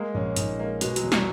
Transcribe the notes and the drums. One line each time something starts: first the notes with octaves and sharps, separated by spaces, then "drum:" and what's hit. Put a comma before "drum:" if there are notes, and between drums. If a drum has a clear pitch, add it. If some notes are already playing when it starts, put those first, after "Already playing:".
Already playing: G#3 A#3
A#1 C#4
A#1 D#4, drum: hi-hat
G#3 A#3
B2 G#3, drum: hi-hat
F#3, drum: hi-hat
E2
F#3, drum: snare